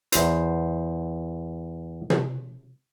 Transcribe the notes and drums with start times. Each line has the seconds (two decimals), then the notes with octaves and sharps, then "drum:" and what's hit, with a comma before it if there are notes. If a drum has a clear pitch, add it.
0.12 E2 C5, drum: hi-hat
2.10 drum: tom